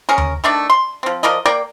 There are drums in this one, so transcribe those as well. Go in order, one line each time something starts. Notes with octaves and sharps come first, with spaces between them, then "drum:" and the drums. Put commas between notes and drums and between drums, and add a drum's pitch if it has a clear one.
C#4 G#4 A#4
drum: tom D#2
D#3 A3 D4 D5
C6
F3 C4
F3 A#4 D5 D#5
A#3 A#4 D5 G5